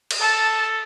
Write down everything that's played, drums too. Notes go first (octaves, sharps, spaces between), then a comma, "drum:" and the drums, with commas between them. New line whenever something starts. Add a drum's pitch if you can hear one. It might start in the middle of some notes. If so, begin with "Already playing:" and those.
drum: cymbal
A4 A5